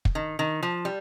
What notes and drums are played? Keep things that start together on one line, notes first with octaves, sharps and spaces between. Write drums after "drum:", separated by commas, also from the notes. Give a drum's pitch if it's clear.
drum: kick
D#3
D#3
F3
G3